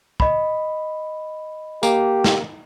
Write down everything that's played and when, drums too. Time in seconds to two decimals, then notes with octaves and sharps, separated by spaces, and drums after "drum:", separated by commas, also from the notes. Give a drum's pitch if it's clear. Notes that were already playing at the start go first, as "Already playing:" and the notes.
0.20 D#5 B5, drum: kick
1.83 A#3 G4, drum: tambourine
2.24 drum: snare